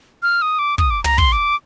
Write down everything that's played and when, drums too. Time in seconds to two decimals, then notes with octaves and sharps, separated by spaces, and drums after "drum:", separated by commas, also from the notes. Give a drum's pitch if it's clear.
0.23 F6
0.42 D#6
0.59 D6
0.78 D#6, drum: kick
0.90 D6
1.04 A#5, drum: tom
1.18 C6, drum: kick
1.32 D6